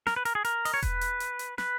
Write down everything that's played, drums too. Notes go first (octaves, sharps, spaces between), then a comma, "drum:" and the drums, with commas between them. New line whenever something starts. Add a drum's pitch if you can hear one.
A#4, drum: snare
B4
A#4, drum: hi-hat
G#4
A#4, drum: hi-hat
D#5, drum: open hi-hat
C#5
B4, drum: kick E1, hi-hat
drum: hi-hat
drum: hi-hat
drum: hi-hat
B4, drum: snare